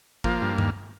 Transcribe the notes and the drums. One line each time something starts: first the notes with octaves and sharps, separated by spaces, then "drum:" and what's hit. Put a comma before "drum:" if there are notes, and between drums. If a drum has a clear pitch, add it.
F3 A#3, drum: kick
G2
D#2, drum: tom G2